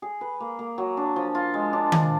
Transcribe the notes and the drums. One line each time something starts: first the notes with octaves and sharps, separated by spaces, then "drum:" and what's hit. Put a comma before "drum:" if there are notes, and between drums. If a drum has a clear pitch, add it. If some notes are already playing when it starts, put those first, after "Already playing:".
G#4
B4
A#3
A#3
F#3
D4
F3
F4
G#3
D4
D4, drum: tom D#3